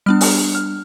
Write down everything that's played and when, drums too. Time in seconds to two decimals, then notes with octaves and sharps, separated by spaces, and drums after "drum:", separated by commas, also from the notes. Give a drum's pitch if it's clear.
0.06 G3 B3 D4 F6
0.21 drum: open hi-hat
0.55 F6